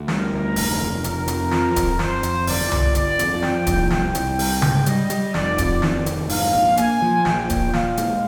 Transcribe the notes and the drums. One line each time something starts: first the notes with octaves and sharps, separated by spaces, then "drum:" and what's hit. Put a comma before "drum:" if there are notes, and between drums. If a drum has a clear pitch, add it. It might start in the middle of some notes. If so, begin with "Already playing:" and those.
Already playing: D2
G3 A#4, drum: snare
D2
F1, drum: open hi-hat
F1
F1 A#4, drum: hi-hat
F2, drum: hi-hat
F3, drum: snare
F2, drum: kick D1, hi-hat
F2 C5, drum: snare
F2, drum: hi-hat
G1 D5, drum: open hi-hat
G1, drum: tom C2
G1 D5, drum: hi-hat
F2, drum: hi-hat
F3 G5, drum: snare
C2, drum: kick D1, hi-hat
C2 G5, drum: snare
C2, drum: hi-hat
G3, drum: open hi-hat
G#2, drum: tom C#3
G3 D#5, drum: hi-hat
G3, drum: hi-hat
F1 D5, drum: snare
F2, drum: kick D1, hi-hat
D#3, drum: snare
F1, drum: hi-hat
G#2 F5, drum: open hi-hat
A#1
A#3 G#5, drum: hi-hat
F3
A#1 G5, drum: snare
A#2, drum: kick D1, hi-hat
A#2 F5, drum: snare
G#3, drum: hi-hat